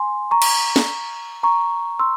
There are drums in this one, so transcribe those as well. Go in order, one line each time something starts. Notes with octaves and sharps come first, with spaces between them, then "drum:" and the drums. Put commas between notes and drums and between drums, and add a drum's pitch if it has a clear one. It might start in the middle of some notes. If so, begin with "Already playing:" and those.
Already playing: G#5 C6
A#5 C#6
drum: cymbal
drum: snare
A#5 C#6
C6 E6